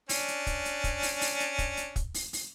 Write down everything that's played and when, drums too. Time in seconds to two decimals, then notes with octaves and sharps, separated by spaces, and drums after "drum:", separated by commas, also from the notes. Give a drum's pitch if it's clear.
0.09 C#4 D4, drum: open hi-hat
0.28 drum: hi-hat
0.47 drum: kick, hi-hat
0.65 drum: hi-hat
0.84 drum: kick, hi-hat
1.02 drum: open hi-hat
1.21 drum: open hi-hat
1.40 drum: hi-hat
1.58 drum: kick, hi-hat
1.77 drum: hi-hat
1.96 drum: kick, hi-hat
2.14 drum: open hi-hat
2.33 drum: open hi-hat